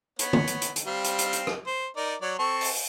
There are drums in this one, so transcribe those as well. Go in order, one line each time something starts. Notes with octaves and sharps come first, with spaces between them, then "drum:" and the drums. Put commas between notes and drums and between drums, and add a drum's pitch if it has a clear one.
B3 C#5, drum: hi-hat
drum: tom
drum: hi-hat
drum: hi-hat
drum: hi-hat
G3 C4 F5
drum: hi-hat
drum: hi-hat
drum: hi-hat
drum: rim click
C5
D#4 A#4 D5
F#3 C#5 D5
C4 A4 C#6
drum: open hi-hat